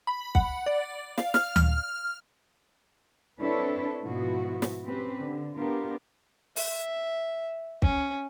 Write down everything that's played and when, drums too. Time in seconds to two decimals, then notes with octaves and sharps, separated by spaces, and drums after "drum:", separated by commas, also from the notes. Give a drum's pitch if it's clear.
0.07 B5
0.35 F#5, drum: kick
0.66 D5
1.18 F5, drum: snare
1.34 F6, drum: snare
1.56 F6, drum: tom D2
3.39 C4 D4 E4 A4 B4 C#5
4.04 G#2 B2 F3 B3 E4 F#4
4.62 drum: snare
4.87 C4 C#4 G4 B4
5.18 D3
5.56 B3 D4 F4 G4 A#4
6.56 E5, drum: open hi-hat
7.82 C#4, drum: kick